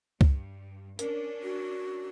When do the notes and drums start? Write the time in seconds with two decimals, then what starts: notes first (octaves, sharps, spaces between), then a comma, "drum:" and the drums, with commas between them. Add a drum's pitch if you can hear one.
0.21 G2, drum: kick C#2
0.99 C#4 D4 A#4, drum: hi-hat
1.43 F#4